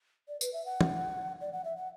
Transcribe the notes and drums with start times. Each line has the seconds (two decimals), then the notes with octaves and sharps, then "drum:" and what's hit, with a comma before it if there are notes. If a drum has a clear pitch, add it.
0.28 D5
0.41 B4, drum: tambourine
0.53 E5
0.66 F#5
0.81 drum: tom
1.41 D5
1.53 F#5
1.65 E5
1.77 F#5